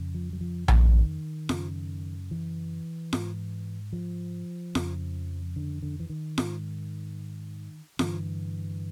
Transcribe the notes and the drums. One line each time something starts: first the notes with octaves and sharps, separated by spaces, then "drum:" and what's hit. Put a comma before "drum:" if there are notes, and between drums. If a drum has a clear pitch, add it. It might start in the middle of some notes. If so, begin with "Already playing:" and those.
Already playing: F2 C#3
F3
F#3
F3
D#3, drum: tom A#1
F#2 C#3, drum: snare F4
E3
G#2, drum: snare F4
F3
F2 C#3, drum: snare F4
D3
D3
E3
D#3
G#2, drum: snare F4
G2 D3 E3, drum: snare F4